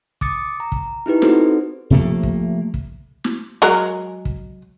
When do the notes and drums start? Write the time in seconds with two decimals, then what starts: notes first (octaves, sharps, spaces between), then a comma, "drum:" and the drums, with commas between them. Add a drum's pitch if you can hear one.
0.21 D6 D#6 A6 C#7, drum: kick
0.60 A#5
0.72 drum: kick
1.06 D#4 E4 G4 B4
1.22 C4 D#4 F#4 A4 C5, drum: snare
1.90 C3 F3 A3 A#3
2.23 drum: kick
2.74 drum: kick
3.24 drum: snare
3.62 F#3 G#3 A#4
4.25 drum: kick